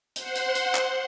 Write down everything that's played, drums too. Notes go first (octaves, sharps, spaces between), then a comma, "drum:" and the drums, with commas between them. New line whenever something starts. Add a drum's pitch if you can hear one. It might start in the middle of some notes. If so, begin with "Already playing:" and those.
C5 F#5 C6, drum: hi-hat
drum: hi-hat
drum: hi-hat
drum: clap